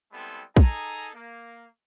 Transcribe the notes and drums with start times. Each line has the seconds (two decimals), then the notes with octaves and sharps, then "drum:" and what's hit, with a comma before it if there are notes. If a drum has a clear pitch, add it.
0.12 G3 G#3 B3 C4 E4 A4
0.56 D#4 G#4 A4 G#5 A#5, drum: kick
1.15 A#3